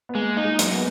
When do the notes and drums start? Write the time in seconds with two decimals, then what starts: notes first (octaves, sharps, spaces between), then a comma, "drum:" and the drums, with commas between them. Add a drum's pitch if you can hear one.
0.09 B3
0.15 G#3 A#3
0.37 D#4
0.44 G#3
0.59 F#2, drum: hi-hat
0.74 B3